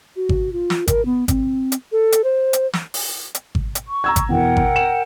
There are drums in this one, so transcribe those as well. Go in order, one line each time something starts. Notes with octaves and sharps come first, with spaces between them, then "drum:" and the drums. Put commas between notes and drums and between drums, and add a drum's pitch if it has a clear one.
F#4
drum: kick G#1
F4
drum: snare
A#4, drum: kick G#1, hi-hat
B3
C4, drum: kick G#1, hi-hat
drum: hi-hat
A4
drum: hi-hat
C5
drum: hi-hat
drum: snare
drum: open hi-hat
drum: hi-hat
drum: kick G#1
drum: hi-hat
C#6
A#5 E6 G#6
drum: kick G#1, hi-hat
E2 B2 A#4 F#5 G5
drum: kick G#1
E7